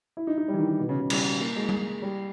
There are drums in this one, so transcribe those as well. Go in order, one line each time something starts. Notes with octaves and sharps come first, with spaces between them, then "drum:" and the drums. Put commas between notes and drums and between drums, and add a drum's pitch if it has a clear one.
E4
D#4
D#4
G3
E3
D#3
D#3
B2
C#3
C#3
G3, drum: cymbal
A#3
G#3
drum: tom G3
G3